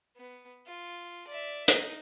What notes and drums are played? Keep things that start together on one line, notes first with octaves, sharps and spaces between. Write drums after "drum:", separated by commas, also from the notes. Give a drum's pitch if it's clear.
B3
F4
D5 E5
D#4, drum: hi-hat